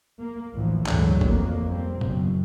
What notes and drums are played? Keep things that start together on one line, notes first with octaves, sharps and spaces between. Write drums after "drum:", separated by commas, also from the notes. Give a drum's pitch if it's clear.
A#3
A1 D2 A2 E3 F3
D2 G2 D3 E3 F#3 G#3, drum: clap
F2 A#3, drum: kick F#1
G3 A#3 C4
F#1 F#2 B2, drum: tom A2